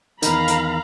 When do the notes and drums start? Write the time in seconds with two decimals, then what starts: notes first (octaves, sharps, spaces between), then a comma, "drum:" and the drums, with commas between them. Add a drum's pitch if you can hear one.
0.22 E2 D#3 F5 A#5 B5, drum: hi-hat
0.48 drum: hi-hat